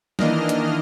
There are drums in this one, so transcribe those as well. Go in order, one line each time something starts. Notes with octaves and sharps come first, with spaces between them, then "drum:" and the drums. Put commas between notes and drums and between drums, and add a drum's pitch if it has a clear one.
D#3 E3 A#3 D4 D#5 F6, drum: snare
drum: hi-hat